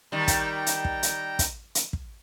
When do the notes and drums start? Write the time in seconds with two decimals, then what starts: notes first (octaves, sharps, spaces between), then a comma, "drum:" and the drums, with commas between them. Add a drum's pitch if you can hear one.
0.12 D#3 G3 A#5
0.20 A5
0.28 G5 A#5, drum: kick, hi-hat
0.66 drum: hi-hat
0.85 drum: kick
1.03 drum: hi-hat
1.39 drum: kick, hi-hat
1.75 drum: hi-hat
1.93 drum: kick